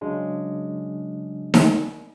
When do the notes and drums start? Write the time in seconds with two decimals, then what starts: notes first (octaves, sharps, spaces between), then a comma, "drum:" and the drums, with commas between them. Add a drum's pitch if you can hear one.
0.01 C#3 F#3 G#3 D4
1.54 drum: snare D#4